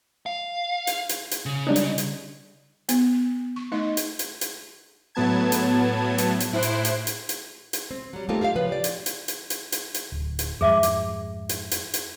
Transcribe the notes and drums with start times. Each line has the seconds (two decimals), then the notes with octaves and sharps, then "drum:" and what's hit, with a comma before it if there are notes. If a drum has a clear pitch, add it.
0.26 F5
0.87 drum: hi-hat
1.09 drum: hi-hat
1.31 drum: hi-hat
1.46 C#3
1.67 G3 D4 D#4
1.76 drum: hi-hat
1.98 drum: hi-hat
2.89 B3, drum: hi-hat
3.56 C#6
3.72 A3 D#4 D#5
3.97 drum: hi-hat
4.19 drum: hi-hat
4.41 drum: hi-hat
5.15 A2 F#3 B3 A5 G#6
5.52 drum: hi-hat
6.18 drum: hi-hat
6.40 drum: hi-hat
6.53 A2 E4 C5 F#6 C7 D7
6.63 drum: hi-hat
6.85 drum: hi-hat
7.07 drum: hi-hat
7.29 drum: hi-hat
7.73 drum: hi-hat
7.91 C4
8.13 F#3 G3
8.29 A3 A#3 C4 D#4 F4 G4
8.41 F4 G4 E5 F5
8.56 C#3 F3 B4
8.69 G4 D5
8.84 drum: hi-hat
9.06 drum: hi-hat
9.28 drum: hi-hat
9.50 drum: hi-hat
9.72 drum: hi-hat
9.94 drum: hi-hat
10.12 D1
10.39 drum: hi-hat
10.61 F2 G#2 G#4 E5 D6
10.83 drum: hi-hat
11.49 drum: hi-hat
11.71 drum: hi-hat
11.94 drum: hi-hat